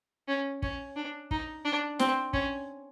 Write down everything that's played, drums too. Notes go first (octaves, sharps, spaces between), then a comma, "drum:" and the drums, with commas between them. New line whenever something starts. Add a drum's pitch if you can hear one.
C#4
C#4, drum: kick
D4
D#4, drum: kick
D4
C4, drum: snare
C#4, drum: kick